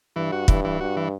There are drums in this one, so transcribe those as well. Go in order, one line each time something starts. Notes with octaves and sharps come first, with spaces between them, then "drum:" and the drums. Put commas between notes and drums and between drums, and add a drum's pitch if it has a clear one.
G2 E3
F#4
G2 E3, drum: kick
E3
G2 F#4
E3